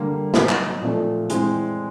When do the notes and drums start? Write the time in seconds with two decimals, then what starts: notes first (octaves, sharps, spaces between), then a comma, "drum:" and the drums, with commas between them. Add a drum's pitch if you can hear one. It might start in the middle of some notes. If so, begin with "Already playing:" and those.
Already playing: D3 G3 A#3
0.34 F#3 B3 D#4, drum: snare
0.49 drum: clap
0.81 A#2 F3 A3
1.30 E3 G#3 C4 E4, drum: hi-hat